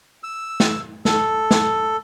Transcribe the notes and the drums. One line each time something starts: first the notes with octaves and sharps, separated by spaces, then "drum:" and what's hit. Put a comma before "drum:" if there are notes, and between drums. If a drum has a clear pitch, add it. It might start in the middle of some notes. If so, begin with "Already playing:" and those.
E6
drum: snare
A4, drum: snare
drum: snare